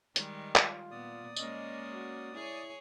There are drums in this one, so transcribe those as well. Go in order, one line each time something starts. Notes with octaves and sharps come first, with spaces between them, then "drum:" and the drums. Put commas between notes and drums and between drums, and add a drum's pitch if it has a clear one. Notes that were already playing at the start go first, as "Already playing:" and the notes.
D#3 G3 G#3, drum: hi-hat
F4, drum: clap
A#2 B3 D5 D#6
G#3 A#3 C#4 D#5, drum: tambourine
F#4
E4 G#4 C#5